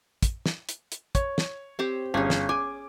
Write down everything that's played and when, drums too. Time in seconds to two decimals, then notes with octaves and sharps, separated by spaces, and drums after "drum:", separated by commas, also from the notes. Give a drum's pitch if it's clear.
0.22 drum: kick, hi-hat
0.46 drum: snare
0.69 drum: hi-hat
0.92 drum: hi-hat
1.15 C#5, drum: kick, hi-hat
1.38 drum: snare
1.79 C4 G4 C5
2.14 G1 C#4 G#4
2.30 drum: snare
2.49 G#5 D6